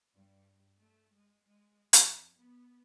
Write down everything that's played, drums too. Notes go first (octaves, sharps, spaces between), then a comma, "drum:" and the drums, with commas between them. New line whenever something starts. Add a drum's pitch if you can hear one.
G2
A3
G#3
G#3
F2, drum: hi-hat
B3